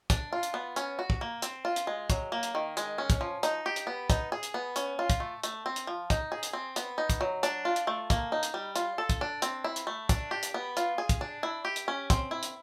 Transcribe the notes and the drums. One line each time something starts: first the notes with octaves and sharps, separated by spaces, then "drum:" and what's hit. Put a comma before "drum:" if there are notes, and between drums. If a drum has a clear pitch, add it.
D4, drum: kick, hi-hat
F4
drum: hi-hat
B3
C#4, drum: hi-hat
F#4
drum: kick
A#3
C4, drum: hi-hat
F4
drum: hi-hat
G#3
F#3, drum: kick, hi-hat
A#3
drum: hi-hat
D#3
G#3, drum: hi-hat
C#4
drum: kick, hi-hat
F3
D#4, drum: hi-hat
G4
drum: hi-hat
B3
D#4, drum: kick, hi-hat
G#4
drum: hi-hat
B3
C#4, drum: hi-hat
F4
drum: kick, hi-hat
A3
A3, drum: hi-hat
C4
drum: hi-hat
F3
D#4, drum: kick, hi-hat
G#4
drum: hi-hat
C4
B3, drum: hi-hat
D#4
drum: kick, hi-hat
F#3
D4, drum: hi-hat
F4
drum: hi-hat
A3
A#3, drum: kick, hi-hat
D#4
drum: hi-hat
G3
F4, drum: hi-hat
A4
drum: kick, hi-hat
D4
C4, drum: hi-hat
E4
drum: hi-hat
A3
D4, drum: kick, hi-hat
G4
drum: hi-hat
B3
F4, drum: hi-hat
G#4
drum: kick, hi-hat
D4
E4
G4
drum: hi-hat
C#4
C4, drum: kick, hi-hat
E4
drum: hi-hat